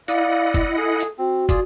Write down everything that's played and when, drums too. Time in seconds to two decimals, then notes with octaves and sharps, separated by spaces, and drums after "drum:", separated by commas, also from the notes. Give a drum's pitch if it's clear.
0.08 E4 D5 D#5 F5 F#5, drum: hi-hat
0.54 drum: kick, hi-hat
0.77 G#4 A4
1.00 drum: hi-hat
1.18 C4 F#4
1.49 F4 G#4 D5, drum: kick, hi-hat